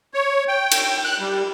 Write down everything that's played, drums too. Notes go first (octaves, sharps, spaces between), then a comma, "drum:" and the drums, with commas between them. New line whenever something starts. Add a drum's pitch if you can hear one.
C#5
G5
drum: cymbal
F#6
G3